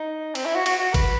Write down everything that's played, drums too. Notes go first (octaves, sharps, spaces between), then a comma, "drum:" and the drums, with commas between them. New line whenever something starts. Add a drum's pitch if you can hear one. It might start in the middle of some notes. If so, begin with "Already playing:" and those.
Already playing: D#4
C4, drum: cymbal
E4
F#4
F#4, drum: cymbal
F#4
B4, drum: kick G#1, cymbal